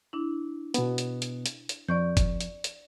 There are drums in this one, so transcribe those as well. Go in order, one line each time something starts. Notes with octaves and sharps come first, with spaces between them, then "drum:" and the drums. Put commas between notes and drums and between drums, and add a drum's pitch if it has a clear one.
D4 E4
B2 B3, drum: hi-hat
drum: hi-hat
drum: hi-hat
drum: hi-hat
drum: hi-hat
F2 D5 C#6 G6
drum: kick F#1, hi-hat
drum: hi-hat
drum: hi-hat